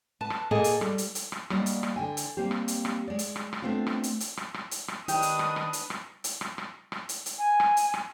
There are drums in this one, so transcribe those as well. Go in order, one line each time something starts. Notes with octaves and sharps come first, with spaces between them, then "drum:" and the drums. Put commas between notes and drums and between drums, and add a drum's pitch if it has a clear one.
B4 A5
drum: rim click
A#2 A#3 G#4 A4 D#5 G#5
drum: hi-hat
G3, drum: rim click
drum: hi-hat
drum: hi-hat
drum: rim click
G3 A#3 D4 F#4 D5 D#5, drum: rim click
drum: hi-hat
drum: rim click
D3 G5 G#5
drum: hi-hat
G3 A#3 C4 G4
drum: rim click
drum: hi-hat
drum: rim click
G#3 D5
drum: hi-hat
drum: rim click
drum: rim click
A3 B3 C4 D4 F4
drum: rim click
drum: hi-hat
drum: hi-hat
drum: rim click
drum: rim click
drum: hi-hat
drum: rim click
D#3 D4 G4 B4 D#6, drum: hi-hat
drum: hi-hat
drum: rim click
drum: rim click
drum: hi-hat
drum: rim click
drum: hi-hat
drum: rim click
drum: rim click
drum: rim click
drum: hi-hat
drum: hi-hat
G#5
drum: rim click
drum: hi-hat
drum: rim click